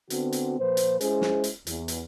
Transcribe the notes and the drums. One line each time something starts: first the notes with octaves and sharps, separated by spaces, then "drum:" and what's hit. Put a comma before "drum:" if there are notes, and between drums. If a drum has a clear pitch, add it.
D3 B3 C4 F#4, drum: hi-hat
drum: hi-hat
A#2 F3 B4 C5
drum: hi-hat
G#3 C#4 E4 G#4 C5, drum: hi-hat
drum: snare
drum: hi-hat
E2, drum: hi-hat
drum: hi-hat